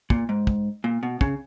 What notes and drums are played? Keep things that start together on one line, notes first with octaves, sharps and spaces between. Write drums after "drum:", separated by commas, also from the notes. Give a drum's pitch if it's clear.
A#2, drum: kick
G#2
drum: kick
A#2
B2
C#3, drum: kick